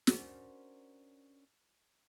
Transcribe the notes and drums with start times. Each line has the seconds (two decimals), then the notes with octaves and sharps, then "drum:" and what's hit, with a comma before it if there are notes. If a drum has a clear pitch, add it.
0.07 C#4 D4 F#4 A#4 C5, drum: snare